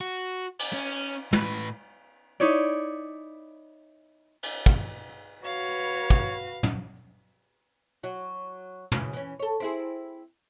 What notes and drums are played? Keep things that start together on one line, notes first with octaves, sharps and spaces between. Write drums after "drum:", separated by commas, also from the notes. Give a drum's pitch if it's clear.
F#4
drum: cymbal
C#4
A2 B4, drum: tom
D#4 E4 C#5 D5, drum: hi-hat
drum: cymbal
drum: kick
F#4 B4 C#5 F5
drum: kick
drum: tom
F#3 F#4
F#2 C#3 E3, drum: tom
E3 C#4
A4 C#5
C4 E4 G#4